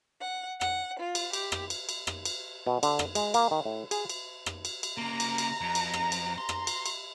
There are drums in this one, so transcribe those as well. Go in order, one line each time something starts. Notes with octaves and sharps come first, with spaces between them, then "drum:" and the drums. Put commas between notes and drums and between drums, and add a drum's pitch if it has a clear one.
F#5
F#5, drum: rim click
F4
drum: cymbal
G4, drum: cymbal
drum: rim click
drum: cymbal
drum: cymbal
drum: rim click
drum: cymbal
B2
D3, drum: cymbal
drum: rim click
G#3, drum: cymbal
A#3, drum: cymbal
D#3
A2
G#4, drum: cymbal
drum: cymbal
drum: rim click
drum: cymbal
drum: cymbal
C#3 A#3 A#5
drum: cymbal
drum: cymbal
F2
drum: cymbal
drum: rim click
drum: cymbal
C6
drum: rim click
drum: cymbal
drum: cymbal